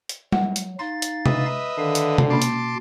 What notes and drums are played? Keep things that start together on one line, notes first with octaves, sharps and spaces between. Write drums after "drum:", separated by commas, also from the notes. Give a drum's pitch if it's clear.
drum: hi-hat
F#3 F#5, drum: tom G3
drum: hi-hat
D#4 F5 C6 A6
drum: hi-hat
B4 D#5 E5, drum: tom C3
D3 D#3 F5
drum: hi-hat
drum: tom C3
B2 A#3 C#4 A5 C6 D6
drum: hi-hat